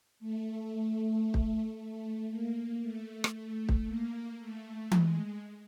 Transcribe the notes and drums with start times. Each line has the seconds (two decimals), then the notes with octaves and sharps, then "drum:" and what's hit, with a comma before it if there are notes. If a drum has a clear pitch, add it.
0.20 A3
1.34 drum: kick
1.76 A3
2.29 A#3
2.82 A3
3.24 drum: rim click
3.34 A3
3.69 drum: kick
3.87 A#3
4.39 A3
4.91 G#3, drum: tom E3